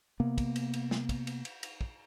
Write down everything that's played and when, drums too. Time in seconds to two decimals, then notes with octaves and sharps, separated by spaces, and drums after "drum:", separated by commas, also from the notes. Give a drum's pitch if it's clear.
0.20 C3 A#3 B3
0.38 drum: kick, cymbal
0.56 drum: cymbal
0.73 drum: cymbal
0.91 drum: snare
1.09 drum: kick, cymbal
1.27 drum: cymbal
1.45 drum: cymbal
1.63 drum: cymbal
1.81 drum: kick